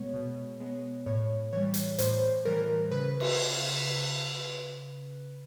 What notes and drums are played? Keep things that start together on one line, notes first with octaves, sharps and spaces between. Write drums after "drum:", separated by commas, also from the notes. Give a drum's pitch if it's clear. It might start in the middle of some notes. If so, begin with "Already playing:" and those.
Already playing: B2 G#3 B3 C#5
B2
G#3 B3
A2 C#5
E3 G3 C#5
drum: hi-hat
A2 C5, drum: hi-hat
E3 G3 A#4
C#3 B4
drum: cymbal